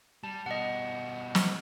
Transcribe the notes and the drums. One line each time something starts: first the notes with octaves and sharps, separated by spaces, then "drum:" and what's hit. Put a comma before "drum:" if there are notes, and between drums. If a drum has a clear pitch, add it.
G3 A5
B2 G3 D#5 F#5
drum: snare